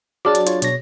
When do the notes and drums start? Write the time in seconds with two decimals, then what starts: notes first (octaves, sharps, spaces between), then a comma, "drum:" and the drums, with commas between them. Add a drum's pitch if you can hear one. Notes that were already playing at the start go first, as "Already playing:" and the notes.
0.25 F#3 D4 F#4 G#4 D6 A6
0.35 drum: hi-hat
0.47 F4 C#5, drum: hi-hat
0.62 B2 C#5 A#6, drum: hi-hat